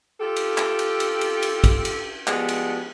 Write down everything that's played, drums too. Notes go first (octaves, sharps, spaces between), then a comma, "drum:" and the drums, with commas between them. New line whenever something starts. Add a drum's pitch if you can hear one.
F4 G4 A4
drum: cymbal
drum: clap
drum: cymbal
drum: cymbal
drum: cymbal
drum: cymbal
drum: kick, cymbal
drum: cymbal
F3 G3 G#3 B3 F#4, drum: clap
drum: cymbal